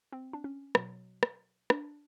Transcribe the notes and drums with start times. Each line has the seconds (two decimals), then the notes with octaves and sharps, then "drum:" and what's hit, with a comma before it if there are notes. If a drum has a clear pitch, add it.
0.12 C4
0.33 D4
0.44 C#4
0.75 B2 F#3, drum: rim click
1.23 drum: rim click
1.70 D4, drum: rim click